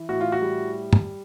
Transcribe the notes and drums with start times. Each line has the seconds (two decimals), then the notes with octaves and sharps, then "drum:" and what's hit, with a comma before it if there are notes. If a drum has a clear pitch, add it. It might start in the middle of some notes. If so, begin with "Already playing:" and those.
Already playing: E3
0.09 A2 F#4
0.21 F4
0.32 F#4
0.41 G3
0.93 drum: tom